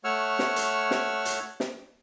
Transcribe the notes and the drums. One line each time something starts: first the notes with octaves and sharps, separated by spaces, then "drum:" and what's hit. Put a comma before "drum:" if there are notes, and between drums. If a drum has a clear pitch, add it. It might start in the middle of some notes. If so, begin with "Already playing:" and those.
A3 C#5 F#5 C#6 E6 F6
drum: snare
drum: hi-hat
drum: snare
drum: hi-hat
drum: snare